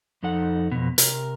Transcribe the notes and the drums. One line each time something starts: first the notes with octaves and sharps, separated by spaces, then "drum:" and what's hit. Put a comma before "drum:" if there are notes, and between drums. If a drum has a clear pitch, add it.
F2 F3 D#4 A4 F#5
F2 B2
C3 A#4, drum: hi-hat